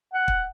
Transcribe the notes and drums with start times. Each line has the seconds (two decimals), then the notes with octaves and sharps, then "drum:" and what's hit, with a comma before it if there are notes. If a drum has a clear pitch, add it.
0.14 F#5
0.28 drum: kick